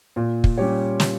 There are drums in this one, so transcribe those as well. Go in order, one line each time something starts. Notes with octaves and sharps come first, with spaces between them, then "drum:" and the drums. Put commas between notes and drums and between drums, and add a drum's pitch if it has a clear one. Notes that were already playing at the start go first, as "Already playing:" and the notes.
A#2
drum: kick
G3 C#4 G4 C#5
drum: snare